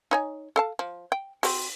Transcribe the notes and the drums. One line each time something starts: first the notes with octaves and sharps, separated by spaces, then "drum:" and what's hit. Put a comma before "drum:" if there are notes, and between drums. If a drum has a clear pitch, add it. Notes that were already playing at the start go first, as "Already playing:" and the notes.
D#4 C#5 G#5
A4 F5 A5
F3
G5
C4 F#4, drum: open hi-hat